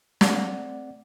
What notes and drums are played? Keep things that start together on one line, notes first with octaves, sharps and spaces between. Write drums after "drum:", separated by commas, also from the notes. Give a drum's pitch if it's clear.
A3 C4 D5 F#5, drum: snare